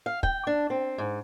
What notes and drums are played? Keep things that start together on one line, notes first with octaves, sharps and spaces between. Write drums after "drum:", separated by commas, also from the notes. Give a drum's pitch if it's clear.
F5
G5, drum: kick
D4
C4
G#2